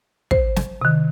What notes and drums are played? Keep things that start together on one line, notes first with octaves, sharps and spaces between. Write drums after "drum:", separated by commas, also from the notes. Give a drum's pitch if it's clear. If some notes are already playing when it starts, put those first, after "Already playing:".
C5, drum: kick
drum: snare
C3 D#3